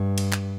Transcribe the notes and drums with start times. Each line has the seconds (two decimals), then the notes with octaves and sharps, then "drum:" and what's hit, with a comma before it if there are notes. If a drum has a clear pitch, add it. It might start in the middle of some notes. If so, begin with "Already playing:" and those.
Already playing: G2
0.18 drum: cymbal
0.33 drum: clap